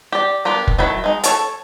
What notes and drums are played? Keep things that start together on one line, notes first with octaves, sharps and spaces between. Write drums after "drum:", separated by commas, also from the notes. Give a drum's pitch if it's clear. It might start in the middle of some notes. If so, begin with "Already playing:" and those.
G4 D5
B3 D4 F4 G4 A#4
drum: kick F1
D#3 F#3 A3 E4 B5
G#3 D#4
A4 C#5 A5, drum: hi-hat